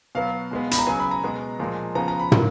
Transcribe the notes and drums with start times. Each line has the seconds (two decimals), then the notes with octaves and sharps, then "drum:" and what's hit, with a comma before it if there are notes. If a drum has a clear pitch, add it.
0.15 B2 F#3 B3 F5
0.51 B2 G#3 B3
0.71 B5, drum: hi-hat
0.79 A#5
0.87 C#3 F#3 B3 G#5
0.99 B5
1.11 A#5
1.24 B2 G#3 B3
1.59 A#2 F3 G#3
1.95 C#3 F3 B3 A#5
2.08 A#5
2.20 B5
2.32 D#3 F#3 A#3, drum: tom